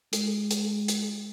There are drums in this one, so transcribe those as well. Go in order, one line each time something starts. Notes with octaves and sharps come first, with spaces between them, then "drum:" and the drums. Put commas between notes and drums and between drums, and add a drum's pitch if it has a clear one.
G#3, drum: hi-hat
drum: hi-hat
drum: hi-hat